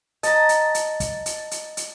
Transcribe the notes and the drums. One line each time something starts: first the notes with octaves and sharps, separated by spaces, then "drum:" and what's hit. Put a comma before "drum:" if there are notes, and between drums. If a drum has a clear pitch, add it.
D#5 A5 A#5, drum: hi-hat
drum: hi-hat
drum: hi-hat
drum: kick, hi-hat
drum: hi-hat
drum: hi-hat
drum: hi-hat